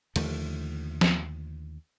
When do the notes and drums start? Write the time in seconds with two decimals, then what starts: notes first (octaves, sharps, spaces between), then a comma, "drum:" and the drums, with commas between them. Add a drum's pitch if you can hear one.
0.16 D#2 D3 F3 A3, drum: cymbal
1.01 drum: snare